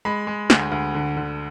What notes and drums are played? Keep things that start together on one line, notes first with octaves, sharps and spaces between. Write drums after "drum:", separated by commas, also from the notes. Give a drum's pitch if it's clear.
G#3 B5
G#3
D2, drum: snare
D2
D3
D3